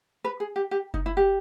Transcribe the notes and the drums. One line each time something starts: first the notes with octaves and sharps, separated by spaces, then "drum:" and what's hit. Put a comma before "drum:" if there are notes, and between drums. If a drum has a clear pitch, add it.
B4
G#4
G4
G4
D#4, drum: kick F#1
E4
G4